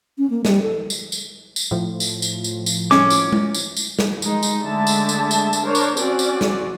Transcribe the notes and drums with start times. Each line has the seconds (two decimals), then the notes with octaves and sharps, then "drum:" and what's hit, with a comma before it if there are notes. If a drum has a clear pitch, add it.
0.18 C#4
0.30 A#3
0.45 G3, drum: snare
0.63 A4
0.90 drum: tambourine
1.12 drum: tambourine
1.56 drum: tambourine
1.71 A2 F3
2.00 drum: tambourine
2.22 drum: tambourine
2.44 drum: tambourine
2.66 drum: tambourine
2.91 C#4 D6, drum: snare
3.10 drum: tambourine
3.32 drum: tom G#3
3.54 drum: tambourine
3.77 drum: tambourine
3.99 drum: snare
4.22 G#3 D#4, drum: tambourine
4.43 drum: tambourine
4.61 D3 G#3 A3 E5 A5
4.87 drum: tambourine
5.09 drum: tambourine
5.31 drum: tambourine
5.53 drum: tambourine
5.62 D4 A#4 C5 C#5
5.75 drum: tambourine
5.97 C4 C#4 F#4 D5, drum: tambourine
6.19 drum: tambourine
6.41 drum: snare